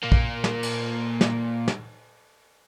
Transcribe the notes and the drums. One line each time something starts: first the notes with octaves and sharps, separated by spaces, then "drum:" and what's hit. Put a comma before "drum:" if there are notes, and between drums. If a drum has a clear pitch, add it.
A#2 A#3
drum: kick
drum: snare
drum: cymbal
drum: snare
drum: snare